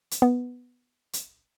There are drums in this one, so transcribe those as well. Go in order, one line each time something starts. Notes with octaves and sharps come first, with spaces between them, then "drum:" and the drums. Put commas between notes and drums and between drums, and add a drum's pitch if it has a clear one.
drum: hi-hat
B3
drum: hi-hat